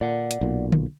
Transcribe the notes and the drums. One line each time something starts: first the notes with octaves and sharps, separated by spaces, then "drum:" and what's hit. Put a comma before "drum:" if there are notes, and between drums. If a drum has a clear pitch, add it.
A#2 D5 F#5
drum: hi-hat
B1 A#2
drum: tom